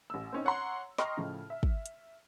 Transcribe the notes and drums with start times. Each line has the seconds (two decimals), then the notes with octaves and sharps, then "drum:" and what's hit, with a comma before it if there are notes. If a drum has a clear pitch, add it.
0.10 A1 E6
0.32 C4 C#4 D#4
0.45 C#5 F#5 A#5 C6
0.98 D#5 G5 A#5 C6 C#6 F6, drum: snare
1.17 A2 C#3 F3
1.50 E5
1.63 drum: kick
1.86 drum: hi-hat